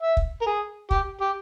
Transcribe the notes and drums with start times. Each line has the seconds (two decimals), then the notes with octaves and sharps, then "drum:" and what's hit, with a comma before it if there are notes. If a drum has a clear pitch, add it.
0.02 E5
0.17 drum: kick
0.41 A#4
0.46 G#4
0.91 G4, drum: kick
1.21 G4